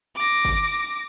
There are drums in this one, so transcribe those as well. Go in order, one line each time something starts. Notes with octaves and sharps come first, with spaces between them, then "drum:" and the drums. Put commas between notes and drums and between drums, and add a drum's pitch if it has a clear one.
D6 A#6
drum: kick G1